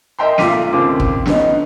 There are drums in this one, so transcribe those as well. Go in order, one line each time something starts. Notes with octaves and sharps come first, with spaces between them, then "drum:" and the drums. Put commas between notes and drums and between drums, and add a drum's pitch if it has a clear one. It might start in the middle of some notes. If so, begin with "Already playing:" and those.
A#4 D#5 E5 G5 A#5 C6
B1 A3 F4 D6 B6 D#7, drum: snare
D#2 C#3 C4 D6
drum: kick
D3 B3 C#4 D#4, drum: snare